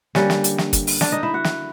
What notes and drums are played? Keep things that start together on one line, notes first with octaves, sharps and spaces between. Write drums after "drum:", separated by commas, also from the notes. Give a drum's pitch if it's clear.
D3 G3 A#3 C#4 C#5, drum: snare
drum: snare
drum: hi-hat
drum: snare
drum: kick, hi-hat
drum: open hi-hat
D4 D5, drum: snare
D#4 D#5
E4 E5
F#4 F#5
drum: snare